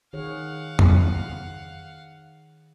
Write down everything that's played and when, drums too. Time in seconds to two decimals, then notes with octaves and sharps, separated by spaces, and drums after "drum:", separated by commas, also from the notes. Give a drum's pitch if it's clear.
0.13 D#3 G#4 C#5 F5 F#5
0.79 drum: tom F2